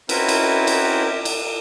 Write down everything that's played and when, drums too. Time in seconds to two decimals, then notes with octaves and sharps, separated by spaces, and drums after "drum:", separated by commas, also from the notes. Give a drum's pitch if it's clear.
0.09 C4 C#4 E4 F#4 A#4 B4, drum: cymbal
0.28 drum: cymbal
0.67 drum: cymbal
1.25 drum: cymbal